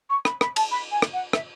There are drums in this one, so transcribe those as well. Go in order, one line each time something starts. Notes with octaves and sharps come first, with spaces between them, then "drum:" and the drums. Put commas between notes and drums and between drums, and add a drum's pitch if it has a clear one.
C#6
B5, drum: rim click
B5, drum: rim click
A5, drum: cymbal
B5
G#5
drum: rim click
F#5
E5, drum: rim click